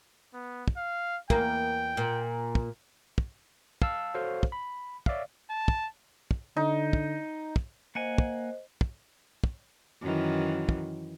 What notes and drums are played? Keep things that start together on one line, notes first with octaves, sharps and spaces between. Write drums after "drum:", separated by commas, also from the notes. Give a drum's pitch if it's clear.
B3
drum: kick
F5
E2 A#3 G5, drum: kick
A#2
drum: kick
drum: kick
F5 A5 E6, drum: kick
F#4 A4 C5 C#5 F5
drum: kick
B5
C#5 D5 E5 F5, drum: kick
A5
drum: kick
drum: kick
D3 D#4
drum: kick
drum: kick
A#3 C5 D#5 F#5 G#5
drum: kick
drum: kick
drum: kick
F#2 D#3 E3
drum: kick